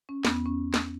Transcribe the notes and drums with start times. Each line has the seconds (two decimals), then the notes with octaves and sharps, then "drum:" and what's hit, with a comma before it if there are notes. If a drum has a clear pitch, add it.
0.09 C#4
0.25 E2 B3, drum: snare
0.46 C#4
0.74 drum: snare